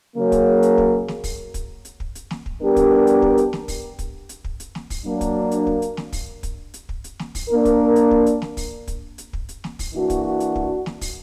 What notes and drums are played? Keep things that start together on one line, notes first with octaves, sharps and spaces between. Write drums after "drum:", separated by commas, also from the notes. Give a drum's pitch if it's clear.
C#3 F#3 A#3
drum: kick, hi-hat
drum: hi-hat
drum: kick
drum: snare
drum: kick, open hi-hat
drum: kick, hi-hat
drum: hi-hat
drum: kick
drum: hi-hat
drum: snare
drum: kick
G3 B3 D4 G4 A#4
drum: kick, hi-hat
drum: hi-hat
drum: kick
drum: hi-hat
drum: snare
drum: kick, open hi-hat
drum: kick, hi-hat
drum: hi-hat
drum: kick
drum: hi-hat
drum: snare
drum: kick, open hi-hat
F#3 A#3 D4
drum: kick, hi-hat
drum: hi-hat
drum: kick
drum: hi-hat
drum: snare
drum: kick, open hi-hat
drum: kick, hi-hat
drum: hi-hat
drum: kick
drum: hi-hat
drum: snare
drum: kick, open hi-hat
A#3 D4 A#4
drum: kick, hi-hat
drum: hi-hat
drum: kick
drum: hi-hat
drum: snare
drum: kick, open hi-hat
drum: kick, hi-hat
drum: hi-hat
drum: kick
drum: hi-hat
drum: snare
drum: kick, open hi-hat
E3 A#3 D4 F#4
drum: kick, hi-hat
drum: hi-hat
drum: kick
drum: snare
drum: kick, open hi-hat